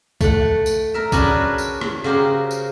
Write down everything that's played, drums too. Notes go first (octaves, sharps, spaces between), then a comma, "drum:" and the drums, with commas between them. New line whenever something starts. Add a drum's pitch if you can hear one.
A3 F#5, drum: kick B1, tambourine
drum: tambourine
A#4 E5
C#4 D4 F#4 G#4 A#4 B4, drum: kick B1, tambourine
drum: tambourine
drum: rim click
C#3 F#4 G4 A#4 C5
drum: tambourine